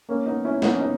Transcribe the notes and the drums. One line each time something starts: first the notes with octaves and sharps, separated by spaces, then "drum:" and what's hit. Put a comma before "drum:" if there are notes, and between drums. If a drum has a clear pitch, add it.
A#3 C#4
B3 D#4
C#4 E4
B3 D#4, drum: snare
C#4
B3 D#4